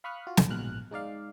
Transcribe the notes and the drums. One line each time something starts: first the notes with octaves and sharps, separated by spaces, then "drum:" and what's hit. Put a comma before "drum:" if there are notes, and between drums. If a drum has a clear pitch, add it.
F5 B5 C#6 D#6 F6 F#6
F4 F#4
drum: snare
A#1 G#2 B2 F6 F#6
G#3 D#4 D5 F5